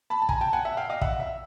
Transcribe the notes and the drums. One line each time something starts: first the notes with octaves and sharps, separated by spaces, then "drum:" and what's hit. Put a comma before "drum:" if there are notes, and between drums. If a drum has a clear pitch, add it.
A5 B5
A5
G#5 A#5, drum: kick
G5 A5
F#5 G#5
E5 F#5
F5 G5
D#5 F5
E5 F#5, drum: kick
E5